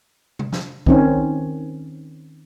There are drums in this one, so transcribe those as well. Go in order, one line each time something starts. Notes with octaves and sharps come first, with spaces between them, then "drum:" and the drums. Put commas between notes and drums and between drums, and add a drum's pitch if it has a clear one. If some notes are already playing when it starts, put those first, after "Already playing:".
drum: tom C3
drum: snare
D#3 C4 C#4, drum: kick B1